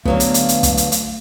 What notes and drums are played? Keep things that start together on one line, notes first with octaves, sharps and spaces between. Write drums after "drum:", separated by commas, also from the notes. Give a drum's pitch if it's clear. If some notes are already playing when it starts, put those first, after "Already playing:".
D3 F#3 A3 B3 F5, drum: kick
drum: hi-hat
drum: hi-hat
drum: hi-hat
drum: kick, hi-hat
drum: hi-hat
drum: hi-hat